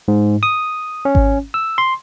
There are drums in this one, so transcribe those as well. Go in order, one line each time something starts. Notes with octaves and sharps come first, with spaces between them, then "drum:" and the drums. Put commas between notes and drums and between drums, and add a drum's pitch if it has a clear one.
G#2
D#6
C#4
drum: kick G#1
E6
C6